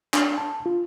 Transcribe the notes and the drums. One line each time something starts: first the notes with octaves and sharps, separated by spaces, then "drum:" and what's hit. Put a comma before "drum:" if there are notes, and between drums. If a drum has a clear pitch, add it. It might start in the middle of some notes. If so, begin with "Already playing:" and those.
D4, drum: clap
A5
F4